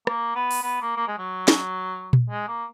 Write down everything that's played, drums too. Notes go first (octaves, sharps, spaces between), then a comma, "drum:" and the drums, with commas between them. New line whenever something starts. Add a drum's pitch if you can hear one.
A#3, drum: rim click
B3
drum: open hi-hat
B3
A#3
A#3
G#3
F#3
drum: snare
drum: tom A#2
G#3
A#3